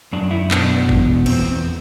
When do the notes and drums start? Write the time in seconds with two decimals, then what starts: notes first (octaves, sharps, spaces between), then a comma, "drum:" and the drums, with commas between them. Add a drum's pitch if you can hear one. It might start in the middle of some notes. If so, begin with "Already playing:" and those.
0.13 F#2 D4
0.31 E4
0.51 B2 D4, drum: clap
0.89 E2, drum: kick G1
1.26 E2 C4, drum: cymbal